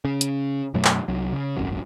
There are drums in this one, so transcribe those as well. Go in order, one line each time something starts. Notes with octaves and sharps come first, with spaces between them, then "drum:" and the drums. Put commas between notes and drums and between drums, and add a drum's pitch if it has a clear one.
C#3
drum: hi-hat
F#2 B2 F#3 A3
drum: clap
C2 F#3
C#3
D#1 G#1 F#2 F#3